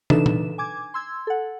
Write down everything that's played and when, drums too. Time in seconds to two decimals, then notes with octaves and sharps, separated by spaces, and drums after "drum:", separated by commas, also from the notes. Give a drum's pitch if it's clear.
0.10 E3 D4 D#4 A4 B4 E7, drum: tom
0.26 drum: tom A#2
0.58 G#5 D6 G#6
0.94 C6 E6 G#6
1.27 A4 F#5